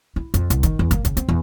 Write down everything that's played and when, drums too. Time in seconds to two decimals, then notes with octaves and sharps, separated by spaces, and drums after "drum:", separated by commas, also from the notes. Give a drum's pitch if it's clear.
0.16 E4
0.34 F2, drum: hi-hat
0.50 C2, drum: hi-hat
0.63 D#3, drum: kick, hi-hat
0.79 E2
0.91 A#3, drum: kick, hi-hat
1.05 C#3, drum: kick, hi-hat
1.17 C4, drum: hi-hat
1.29 E2